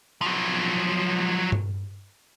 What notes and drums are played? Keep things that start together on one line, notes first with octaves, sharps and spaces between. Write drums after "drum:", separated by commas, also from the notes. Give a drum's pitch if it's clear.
F3 F#3
drum: tom G2